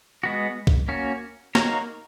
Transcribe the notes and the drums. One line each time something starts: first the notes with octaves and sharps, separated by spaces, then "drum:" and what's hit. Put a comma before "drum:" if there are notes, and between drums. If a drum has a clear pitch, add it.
G#3 B3 F#4
drum: kick
A#3 C#4 F#4
A#3 D#4 F#4 A#4 C#5, drum: snare